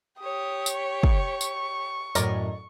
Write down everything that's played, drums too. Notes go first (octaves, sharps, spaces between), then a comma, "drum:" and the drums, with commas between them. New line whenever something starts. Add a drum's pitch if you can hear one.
G4 C#5 D#6
drum: tambourine
C#6
drum: kick
drum: tambourine
F#2 A2 A#4 D5 D#5, drum: tambourine